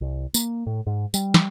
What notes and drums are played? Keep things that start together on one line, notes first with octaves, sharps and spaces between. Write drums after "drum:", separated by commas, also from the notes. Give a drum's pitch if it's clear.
C2
A#3, drum: tambourine
A2
G#2
G3, drum: tambourine
drum: snare